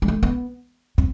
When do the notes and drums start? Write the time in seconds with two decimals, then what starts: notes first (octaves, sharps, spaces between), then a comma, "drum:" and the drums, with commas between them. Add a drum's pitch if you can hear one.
0.02 G3
0.08 A3
0.23 B3
0.98 C4, drum: kick